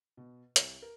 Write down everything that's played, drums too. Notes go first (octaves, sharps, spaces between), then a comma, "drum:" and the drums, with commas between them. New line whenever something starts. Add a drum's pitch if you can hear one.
B2
C2, drum: hi-hat
A#4